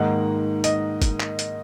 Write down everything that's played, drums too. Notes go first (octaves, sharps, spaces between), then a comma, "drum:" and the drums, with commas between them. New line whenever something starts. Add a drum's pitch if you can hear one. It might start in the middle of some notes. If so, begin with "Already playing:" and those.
Already playing: G#2 D#3 A#3 F#5
D#5, drum: hi-hat
drum: kick, hi-hat
drum: clap
drum: hi-hat